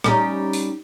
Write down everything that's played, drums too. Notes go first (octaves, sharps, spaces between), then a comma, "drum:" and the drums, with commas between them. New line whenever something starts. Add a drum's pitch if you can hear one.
G3 C#4 D#4, drum: rim click
drum: open hi-hat